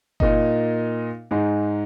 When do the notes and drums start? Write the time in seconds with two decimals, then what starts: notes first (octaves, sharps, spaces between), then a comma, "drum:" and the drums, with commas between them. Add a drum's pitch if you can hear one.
0.20 A#2 A#3 D#4, drum: kick F#1
1.31 G#2 G#3 D#4